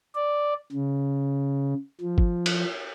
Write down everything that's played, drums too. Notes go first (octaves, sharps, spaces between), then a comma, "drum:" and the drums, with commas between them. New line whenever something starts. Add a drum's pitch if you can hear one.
D5
C#3
F3
drum: kick G1
drum: cymbal